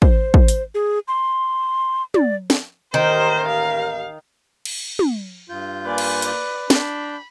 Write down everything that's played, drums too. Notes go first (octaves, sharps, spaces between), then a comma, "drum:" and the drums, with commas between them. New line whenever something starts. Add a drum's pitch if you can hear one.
C5, drum: kick
drum: kick
drum: hi-hat
G#4
C6
D5, drum: tom
drum: snare
A1 D#2 D#3 A#4 C5
F5
drum: cymbal
drum: tom
G2 F4 G6
A#3 B4 D5 G#5
drum: cymbal
D5, drum: hi-hat
D4 B5 G6, drum: snare